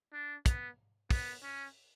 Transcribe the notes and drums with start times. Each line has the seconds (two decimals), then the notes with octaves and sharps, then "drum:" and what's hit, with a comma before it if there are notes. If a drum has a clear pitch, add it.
0.13 D4
0.46 B3, drum: kick, hi-hat
1.10 B3, drum: kick, open hi-hat
1.43 C#4